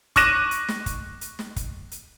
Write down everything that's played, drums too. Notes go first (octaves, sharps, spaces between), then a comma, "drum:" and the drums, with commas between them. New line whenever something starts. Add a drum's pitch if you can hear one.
C#6 D6 F#6 A#6 D#7 E7, drum: kick, hi-hat
drum: hi-hat
drum: snare
drum: kick, hi-hat
drum: hi-hat
drum: snare
drum: kick, hi-hat
drum: hi-hat